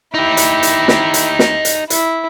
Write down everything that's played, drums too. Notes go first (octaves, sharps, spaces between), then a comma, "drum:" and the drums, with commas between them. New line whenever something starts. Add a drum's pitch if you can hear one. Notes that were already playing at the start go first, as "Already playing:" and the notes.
D#4 E4 G4
drum: hi-hat
drum: hi-hat
drum: snare
drum: hi-hat
drum: snare
drum: hi-hat
E4, drum: hi-hat